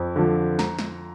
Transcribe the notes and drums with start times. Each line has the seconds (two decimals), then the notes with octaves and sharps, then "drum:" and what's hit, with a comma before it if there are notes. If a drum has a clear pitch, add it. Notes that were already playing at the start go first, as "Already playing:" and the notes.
Already playing: F2
0.16 D3 F3
0.59 A#5, drum: snare
0.79 drum: snare